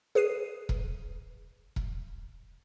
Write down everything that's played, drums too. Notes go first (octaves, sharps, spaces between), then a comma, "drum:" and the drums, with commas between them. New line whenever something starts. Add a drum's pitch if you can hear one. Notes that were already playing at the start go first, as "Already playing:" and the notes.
G#4 B4 C7 D#7
drum: kick E1
drum: kick E1